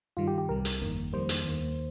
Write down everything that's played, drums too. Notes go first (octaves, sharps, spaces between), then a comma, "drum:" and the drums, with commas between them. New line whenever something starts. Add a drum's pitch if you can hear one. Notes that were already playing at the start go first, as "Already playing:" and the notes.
G2 D#3 G3 F4
G4
G4
C2 C3 G3 A#4
drum: hi-hat
G1 F2 D#3 A#3
F2 D#3 G3 A#3 C5
drum: hi-hat
D#2 D#3 A#3